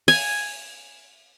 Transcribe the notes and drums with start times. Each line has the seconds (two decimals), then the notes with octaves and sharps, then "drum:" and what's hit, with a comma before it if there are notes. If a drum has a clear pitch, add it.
0.08 G#5, drum: open hi-hat